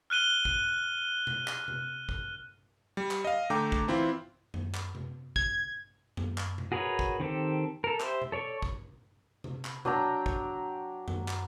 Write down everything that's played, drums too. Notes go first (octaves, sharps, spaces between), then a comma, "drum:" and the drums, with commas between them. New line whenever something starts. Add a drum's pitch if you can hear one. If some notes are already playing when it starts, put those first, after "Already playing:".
F6 F#6 D#7 G7
drum: kick
drum: tom B2
drum: clap
drum: tom C3
drum: kick
G3
drum: clap
D#5 F5
D3 A3 G5 A#5 D6
drum: kick
E3 C4 E4 F4
drum: tom F#2
drum: clap
drum: tom C3
G#6, drum: kick
drum: tom F#2
drum: clap
drum: tom B2
F#4 G#4 A#4 B4 C#5
drum: kick
D#3 C4 G4 A4
A4 A#4
G4 C5 E5, drum: clap
drum: tom B2
A4 C#5 D5 C#6
drum: kick
drum: tom C3
drum: clap
F#3 D4 G5 A#5, drum: tom B2
drum: kick
drum: tom F#2
drum: clap